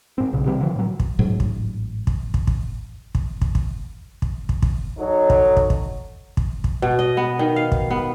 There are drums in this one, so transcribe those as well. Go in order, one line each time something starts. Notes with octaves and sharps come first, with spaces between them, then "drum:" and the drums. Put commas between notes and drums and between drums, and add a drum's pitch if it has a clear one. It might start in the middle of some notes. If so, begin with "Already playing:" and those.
G#2 C4
B1 C#3
C3 E3 G3 C4
D3 F3
A2 F#3
drum: kick
A1 G#2 F#3
drum: kick
drum: kick
drum: kick
drum: kick
drum: kick
drum: kick
drum: kick
drum: kick
drum: kick
drum: kick
F#3 D#4 A4 C#5
drum: kick
drum: kick
drum: kick
drum: kick
drum: kick
B2
D#5
B3
D#3
F5
drum: kick
B3